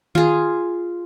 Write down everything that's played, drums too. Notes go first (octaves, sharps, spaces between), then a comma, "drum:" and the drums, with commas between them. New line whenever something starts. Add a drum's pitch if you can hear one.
F4 G#4, drum: tom D#3